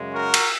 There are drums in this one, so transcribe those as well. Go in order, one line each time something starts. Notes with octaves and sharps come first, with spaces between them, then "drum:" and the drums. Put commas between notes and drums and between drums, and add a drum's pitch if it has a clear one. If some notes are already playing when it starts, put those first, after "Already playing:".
Already playing: F#2 C#3 G#3
F#4 A#4
drum: cymbal